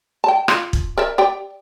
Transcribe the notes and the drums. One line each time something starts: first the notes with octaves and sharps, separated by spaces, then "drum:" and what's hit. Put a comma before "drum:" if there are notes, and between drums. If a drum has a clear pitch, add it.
G5 A5
F4, drum: rim click
drum: kick
A#4 D5 E5
G4 D5 G5